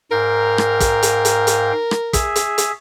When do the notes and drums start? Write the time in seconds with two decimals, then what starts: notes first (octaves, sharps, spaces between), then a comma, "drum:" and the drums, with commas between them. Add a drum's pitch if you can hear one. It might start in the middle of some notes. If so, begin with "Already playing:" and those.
0.11 G#2 A#4 F5 G5
0.58 drum: rim click
0.80 drum: kick, hi-hat
1.03 drum: hi-hat
1.25 drum: hi-hat
1.47 drum: hi-hat
1.91 drum: rim click
2.13 G#4 E5, drum: kick, hi-hat
2.36 drum: hi-hat
2.58 drum: hi-hat